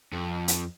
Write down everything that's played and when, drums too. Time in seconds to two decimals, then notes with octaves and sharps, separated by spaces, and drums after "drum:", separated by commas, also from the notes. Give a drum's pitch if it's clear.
0.13 F2
0.48 drum: hi-hat